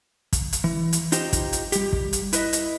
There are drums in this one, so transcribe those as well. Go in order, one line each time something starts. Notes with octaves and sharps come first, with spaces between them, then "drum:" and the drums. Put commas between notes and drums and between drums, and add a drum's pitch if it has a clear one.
drum: kick, hi-hat
drum: hi-hat
E3
drum: hi-hat
D#4 F4 G4 C5 D#5, drum: hi-hat
drum: kick, hi-hat
drum: hi-hat
G3 G4, drum: hi-hat
drum: kick
drum: hi-hat
E4 B4 C5 D#5 E5, drum: hi-hat
drum: hi-hat